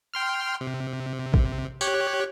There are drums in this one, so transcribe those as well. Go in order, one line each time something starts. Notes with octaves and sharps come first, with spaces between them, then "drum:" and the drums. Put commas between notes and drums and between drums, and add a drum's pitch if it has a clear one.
G5 C6 F6
C3
drum: kick
G4 C#5 F#6, drum: tambourine